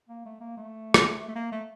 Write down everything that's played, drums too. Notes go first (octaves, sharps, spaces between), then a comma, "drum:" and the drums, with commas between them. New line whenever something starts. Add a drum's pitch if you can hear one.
A#3
A3
A#3
A3
drum: rim click
A3
A#3
A3